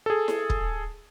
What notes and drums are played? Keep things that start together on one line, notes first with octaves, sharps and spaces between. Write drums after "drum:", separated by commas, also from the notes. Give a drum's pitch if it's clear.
G#4 A4
drum: snare E4
drum: kick